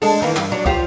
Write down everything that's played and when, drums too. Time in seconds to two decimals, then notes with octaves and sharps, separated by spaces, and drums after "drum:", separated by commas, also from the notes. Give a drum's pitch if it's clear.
0.02 G#3 D4 A4, drum: open hi-hat
0.22 D#3 E3 A#3
0.36 G2, drum: clap
0.52 F#3 D4
0.66 F4 G4 C5, drum: kick